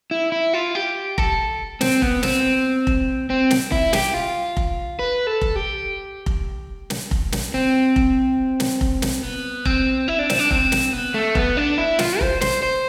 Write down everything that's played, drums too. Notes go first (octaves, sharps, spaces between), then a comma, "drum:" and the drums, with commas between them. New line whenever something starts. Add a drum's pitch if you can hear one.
E4
E4
F4
G4
A4, drum: kick F1
C4, drum: snare
B3, drum: kick F1
C4, drum: snare
drum: kick F1
C4
drum: snare
E4, drum: kick F1
G4, drum: snare
F4
drum: kick F1
B4
A4
drum: kick F1
G4
drum: kick F1
drum: snare
drum: kick F1
drum: snare
C4
drum: kick F1
drum: snare
drum: kick F1
drum: snare
B3
C4, drum: kick F1
E4
D4
C4, drum: snare
D4
C4, drum: kick F1
drum: snare
B3
A3
B3, drum: kick F1
D4
E4
F4, drum: snare
C5, drum: kick F1
C5, drum: snare
C5